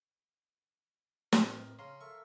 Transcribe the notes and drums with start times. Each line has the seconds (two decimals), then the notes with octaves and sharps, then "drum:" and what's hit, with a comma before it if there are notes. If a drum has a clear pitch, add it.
1.32 A2 C4 A#4 B4 D#5, drum: snare
1.79 C#3 F5 A#5 C6
2.01 A4 A#4 E5 C#6